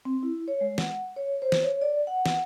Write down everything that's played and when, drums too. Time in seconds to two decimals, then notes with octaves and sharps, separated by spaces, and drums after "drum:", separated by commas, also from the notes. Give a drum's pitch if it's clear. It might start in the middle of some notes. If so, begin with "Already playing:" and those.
0.05 C4
0.23 E4
0.48 C#5
0.61 G#3
0.78 F#5, drum: snare
1.16 C#5
1.42 C5
1.52 drum: snare
1.63 C#5
1.82 D5
2.07 F#5
2.26 drum: snare